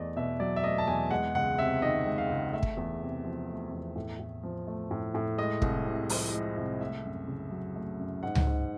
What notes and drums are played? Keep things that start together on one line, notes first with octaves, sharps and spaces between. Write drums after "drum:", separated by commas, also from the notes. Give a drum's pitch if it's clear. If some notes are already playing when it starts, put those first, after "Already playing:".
Already playing: E2 A3 D5 D#5
B2 E5
F#3 D5
E5
A3 D#5
A5
E2 G#5
G#3 F#5
C#2 F#5
C3 E5
D#3 D#5
G#3
F5
C#2
A3 E5
drum: kick
E2
C3
F3
A3
E2
A2
A2
F3
A3
A2
A2
G#3 D#5
C2, drum: kick
C3
F3, drum: open hi-hat
G#3
C2
A3 E5
F#2
C#3
F#3
A3
F#2
G#2 F#5
drum: tom C#2
G#2